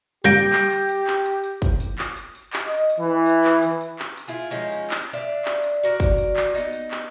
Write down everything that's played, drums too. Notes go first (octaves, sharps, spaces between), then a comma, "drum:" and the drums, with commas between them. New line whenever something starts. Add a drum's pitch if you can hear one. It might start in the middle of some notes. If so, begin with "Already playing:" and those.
G3 A#3 G4 G6 A#6 D7
drum: clap
drum: tambourine
drum: tambourine
drum: clap
drum: tambourine
drum: tambourine
drum: kick, tambourine
drum: tambourine
drum: clap
drum: tambourine
drum: tambourine
drum: clap
D#5
drum: tambourine
E3
drum: tambourine
drum: clap
drum: tambourine
drum: tambourine
drum: clap
drum: tambourine
E4 F4 G#4
F3 G#3 C#4 D#4
drum: tambourine
drum: clap
D4 D5 E5 F5
drum: clap
drum: tambourine
F#4 A#4 D5, drum: tambourine
drum: kick, tambourine
drum: tambourine
drum: clap
B3 D#4, drum: tambourine
drum: tambourine
drum: clap